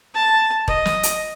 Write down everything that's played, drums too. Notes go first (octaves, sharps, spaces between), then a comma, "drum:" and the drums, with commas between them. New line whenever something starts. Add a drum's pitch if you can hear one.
A5
D#5, drum: kick E1
drum: snare
drum: hi-hat